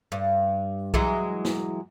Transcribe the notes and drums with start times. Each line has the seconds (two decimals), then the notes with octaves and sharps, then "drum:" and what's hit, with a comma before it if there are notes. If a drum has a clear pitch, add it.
0.12 G2
0.94 E3 F#3 G#3, drum: kick B1
1.45 drum: snare